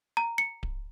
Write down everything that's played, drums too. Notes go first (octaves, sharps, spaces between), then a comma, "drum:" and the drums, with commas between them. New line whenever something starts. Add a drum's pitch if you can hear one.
A#5
C#7
drum: kick D1